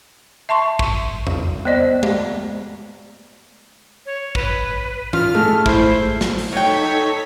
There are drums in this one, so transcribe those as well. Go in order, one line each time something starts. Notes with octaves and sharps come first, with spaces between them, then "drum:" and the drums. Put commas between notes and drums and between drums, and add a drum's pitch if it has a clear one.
E5 A5 C6 C#6
drum: kick
drum: tom E2
B3 C5 D5 D#5
drum: tom G#3
C#5
B4, drum: kick
F4 F6, drum: tom E3
G#3 A3
E4 C5, drum: kick
drum: snare
drum: open hi-hat
F#3 D#4 A4 C#5 G5 B6